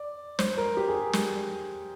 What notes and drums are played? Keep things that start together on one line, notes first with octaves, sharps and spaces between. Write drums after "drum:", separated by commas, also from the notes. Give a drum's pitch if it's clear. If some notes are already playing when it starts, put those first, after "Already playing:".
Already playing: D5
C5, drum: snare
A#4
G4
G#4
drum: snare